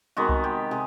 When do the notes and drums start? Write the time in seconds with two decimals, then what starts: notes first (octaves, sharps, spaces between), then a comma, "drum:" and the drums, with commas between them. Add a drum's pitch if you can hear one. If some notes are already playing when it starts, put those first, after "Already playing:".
0.17 C3 D#3 G#3 B3 F#4
0.29 drum: kick C2
0.44 G4
0.71 C3 G#4